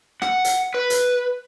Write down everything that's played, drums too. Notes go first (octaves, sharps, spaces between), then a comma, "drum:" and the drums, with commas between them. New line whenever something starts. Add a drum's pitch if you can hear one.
F#5, drum: rim click
drum: hi-hat
B4
drum: hi-hat